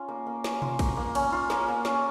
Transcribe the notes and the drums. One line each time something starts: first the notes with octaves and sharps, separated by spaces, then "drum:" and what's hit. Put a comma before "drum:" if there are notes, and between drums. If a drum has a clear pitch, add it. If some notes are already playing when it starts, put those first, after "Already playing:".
Already playing: C#4 F4
A#3
A#3
C#4, drum: snare
F4, drum: tom B2
A#3, drum: kick, cymbal
A#3
C#4, drum: cymbal
F4
A#3, drum: snare
A#3
C#4, drum: snare